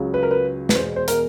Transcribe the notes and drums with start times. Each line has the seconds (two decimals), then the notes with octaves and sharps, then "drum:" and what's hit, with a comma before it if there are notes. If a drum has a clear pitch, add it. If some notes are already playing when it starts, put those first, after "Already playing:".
Already playing: C#2 C#3 F#3
0.14 B4
0.23 A#4
0.31 B4
0.69 B4, drum: snare
0.75 E2 B2 G#3 C5
0.96 C5
1.08 A#4, drum: hi-hat